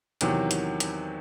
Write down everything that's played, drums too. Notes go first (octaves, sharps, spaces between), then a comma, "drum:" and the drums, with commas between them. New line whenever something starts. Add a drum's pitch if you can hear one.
E2 C3 D#3 F#3, drum: hi-hat
drum: hi-hat
drum: hi-hat